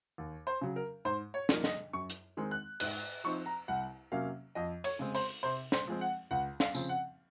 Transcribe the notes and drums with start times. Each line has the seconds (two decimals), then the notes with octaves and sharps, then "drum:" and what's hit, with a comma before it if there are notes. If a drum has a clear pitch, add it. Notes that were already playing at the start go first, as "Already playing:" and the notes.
0.18 D#2
0.47 C5
0.61 C#3 F#3
0.76 A#4
1.05 G#2 C5
1.34 C#5
1.49 F3 A#3 D#4, drum: snare
1.64 D#5, drum: snare
1.93 F#2 C#6
2.10 drum: hi-hat
2.37 D#3 G#3 C4 D#4
2.51 F#6
2.80 G#2 F#6, drum: cymbal
3.24 F3 C4 D#4 C#6
3.46 A#5
3.68 C2 F#5
4.12 C3 F#3 A#3 C#4 F5
4.55 F2 D#5
4.84 C#5, drum: cymbal
4.99 C#3 G#3 C4
5.15 C5, drum: open hi-hat
5.43 C3 C5
5.72 C5, drum: snare
5.87 F3 G#3 C4
6.01 F#5
6.31 C#2 F#5
6.60 F5, drum: snare
6.75 C#3 F3 C4, drum: tambourine
6.89 F#5